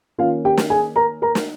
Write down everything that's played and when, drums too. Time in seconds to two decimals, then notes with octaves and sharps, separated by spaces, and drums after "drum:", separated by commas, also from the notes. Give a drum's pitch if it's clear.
0.18 D#3 A#3 C#4 F4 F5
0.45 G4 G5
0.57 drum: snare
0.70 G#4 G#5
0.96 A#4 A#5
1.22 A#4 A#5
1.35 drum: snare